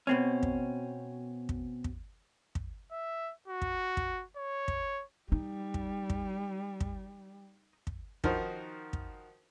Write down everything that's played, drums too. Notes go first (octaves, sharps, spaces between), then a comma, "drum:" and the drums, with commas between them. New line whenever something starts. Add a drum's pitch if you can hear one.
B2 C4 C#4
drum: kick
drum: kick
drum: kick
drum: kick
E5
F#4
drum: kick
drum: kick
C#5
drum: kick
G3 D#4
drum: kick
drum: kick
drum: kick
drum: kick
D#3 F3 D#4 F#4 A#4 C5, drum: kick
drum: kick